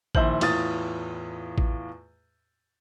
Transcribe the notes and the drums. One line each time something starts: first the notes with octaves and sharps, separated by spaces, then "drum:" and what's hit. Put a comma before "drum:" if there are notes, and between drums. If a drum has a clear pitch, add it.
A#1 D#2 E4 C5 G6 F#7, drum: kick A1
E2 A2 F4 D#6 A6, drum: cymbal
drum: kick A1